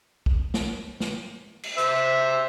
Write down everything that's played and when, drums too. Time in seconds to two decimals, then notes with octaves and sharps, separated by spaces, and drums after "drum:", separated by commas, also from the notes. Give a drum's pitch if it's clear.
0.26 drum: kick
0.54 drum: snare
1.00 drum: snare
1.63 drum: cymbal
1.78 C5 E5, drum: hi-hat